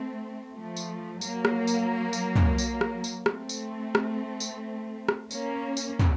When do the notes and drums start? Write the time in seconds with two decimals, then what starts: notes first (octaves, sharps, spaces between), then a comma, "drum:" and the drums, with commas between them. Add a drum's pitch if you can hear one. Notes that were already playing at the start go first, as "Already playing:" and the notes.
Already playing: A3 C4
0.54 F3 A3
0.76 drum: tambourine
1.21 F#3 A#3, drum: tambourine
1.45 drum: rim click
1.67 drum: tambourine
2.13 drum: tambourine
2.36 drum: tom
2.58 drum: tambourine
2.81 drum: rim click
3.04 drum: tambourine
3.26 A3 C4, drum: rim click
3.49 drum: tambourine
3.95 drum: rim click
4.40 drum: tambourine
5.09 drum: rim click
5.31 A#3 C#4, drum: tambourine
5.77 drum: tambourine
5.99 drum: tom